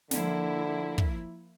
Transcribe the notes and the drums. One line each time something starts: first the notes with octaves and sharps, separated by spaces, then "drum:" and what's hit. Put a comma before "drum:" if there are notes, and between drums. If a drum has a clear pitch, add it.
D3 F3 A#3 E4, drum: snare
drum: kick